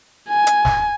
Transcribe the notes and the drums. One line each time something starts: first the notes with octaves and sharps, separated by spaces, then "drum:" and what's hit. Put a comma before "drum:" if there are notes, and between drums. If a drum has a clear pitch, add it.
G#5
drum: hi-hat
drum: snare